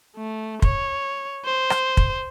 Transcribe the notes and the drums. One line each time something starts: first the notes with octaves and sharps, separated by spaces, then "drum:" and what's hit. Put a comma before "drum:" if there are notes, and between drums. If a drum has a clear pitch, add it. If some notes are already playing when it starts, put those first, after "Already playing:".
A3
C#5, drum: kick
C5
drum: rim click
drum: kick